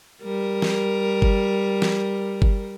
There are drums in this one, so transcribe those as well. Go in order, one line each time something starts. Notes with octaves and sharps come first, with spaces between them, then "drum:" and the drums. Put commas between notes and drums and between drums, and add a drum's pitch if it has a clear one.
G3 A#4
drum: snare
drum: kick G1
drum: snare
drum: kick G1